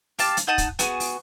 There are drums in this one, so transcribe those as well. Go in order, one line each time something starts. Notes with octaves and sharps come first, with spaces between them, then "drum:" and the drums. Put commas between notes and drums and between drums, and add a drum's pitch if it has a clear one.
G4 F5 A5, drum: open hi-hat
drum: hi-hat
D#4 F#5 A5 D#6
drum: kick, hi-hat
B3 F#4 G#4, drum: hi-hat
drum: open hi-hat